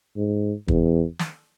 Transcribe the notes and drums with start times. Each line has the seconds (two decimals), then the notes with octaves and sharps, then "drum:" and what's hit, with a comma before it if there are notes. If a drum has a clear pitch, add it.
0.17 G#2
0.68 E2, drum: kick
1.19 drum: snare